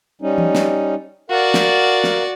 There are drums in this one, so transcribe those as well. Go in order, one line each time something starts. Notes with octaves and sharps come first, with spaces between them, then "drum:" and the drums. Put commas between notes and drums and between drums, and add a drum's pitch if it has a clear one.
G3 C#4 D#4
drum: tom E3
drum: snare
F#4 A#4 D5 F5 F#5
drum: snare
drum: snare